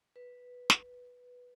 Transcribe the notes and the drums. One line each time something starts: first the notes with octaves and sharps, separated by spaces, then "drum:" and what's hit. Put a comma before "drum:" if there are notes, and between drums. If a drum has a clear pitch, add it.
B4
drum: snare